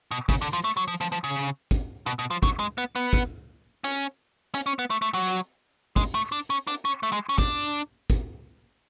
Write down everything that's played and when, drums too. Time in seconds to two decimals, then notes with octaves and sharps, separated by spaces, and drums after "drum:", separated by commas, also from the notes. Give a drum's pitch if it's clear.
0.11 B2
0.29 C#3, drum: kick, open hi-hat
0.42 D3
0.53 F3
0.64 A3
0.77 F#3
0.88 F3
1.01 F3, drum: hi-hat
1.12 F3
1.24 C#3
1.71 drum: kick, hi-hat
2.06 B2
2.19 B2
2.31 F3
2.43 F#3, drum: kick, hi-hat
2.59 G#3
2.78 B3
2.95 B3
3.13 drum: kick, hi-hat
3.84 C#4, drum: hi-hat
4.55 C#4, drum: hi-hat
4.66 C#4
4.79 B3
4.90 A3
5.02 A3
5.14 F#3
5.26 drum: hi-hat
5.96 G#3, drum: kick, open hi-hat
6.15 A3
6.32 D4
6.50 C#4
6.67 D4, drum: hi-hat
6.85 C#4
7.03 A3
7.12 G#3
7.29 C#4
7.38 D4, drum: kick, hi-hat
8.10 drum: kick, hi-hat